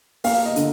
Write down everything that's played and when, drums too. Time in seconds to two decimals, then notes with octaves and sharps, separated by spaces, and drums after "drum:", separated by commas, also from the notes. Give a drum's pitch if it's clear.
0.24 A#3 F5, drum: open hi-hat
0.45 D#5
0.56 D3, drum: hi-hat